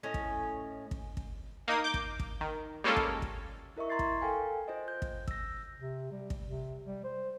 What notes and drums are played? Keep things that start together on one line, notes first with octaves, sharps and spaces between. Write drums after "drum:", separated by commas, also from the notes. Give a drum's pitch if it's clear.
A2 C#4 D#5
drum: kick
drum: kick
drum: kick
A#3 D#4 D#6
D6 G6
drum: kick
drum: kick
D#3
G3 G#3 A#3 C#4 F4 A4
drum: kick
drum: kick
E4 A#4 D#5 E5 C#6
A#5 C6 G#6 A6 C7
drum: kick
A4 A#4 F5 G5 G#5
F4 C5 D#5
G6
drum: kick
E6 A#6, drum: kick
C3
G3
drum: kick
C3
G3
C5